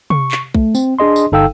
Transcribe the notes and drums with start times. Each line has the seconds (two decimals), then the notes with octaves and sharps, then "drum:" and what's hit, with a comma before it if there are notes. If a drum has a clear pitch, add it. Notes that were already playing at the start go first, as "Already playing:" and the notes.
0.10 C#6, drum: tom C3
0.31 drum: clap
0.54 A3, drum: kick B1
0.75 C4, drum: tambourine
0.99 D4 G#4 D#5 C6
1.16 drum: tambourine
1.32 G1 D#4 A4 F5 G5 E6